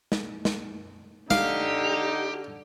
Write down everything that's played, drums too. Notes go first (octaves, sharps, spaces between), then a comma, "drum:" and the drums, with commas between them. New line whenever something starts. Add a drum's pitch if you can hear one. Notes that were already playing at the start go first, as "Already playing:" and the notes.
drum: snare
drum: snare
D3 D#4 G4 F5, drum: snare